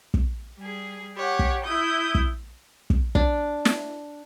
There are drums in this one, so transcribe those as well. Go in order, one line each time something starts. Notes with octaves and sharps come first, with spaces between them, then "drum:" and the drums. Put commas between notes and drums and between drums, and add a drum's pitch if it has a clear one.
drum: kick
G3 G#4
G4 C#5 F#5
drum: kick
E4 D#6 G6
drum: kick
drum: kick
D4, drum: kick
drum: snare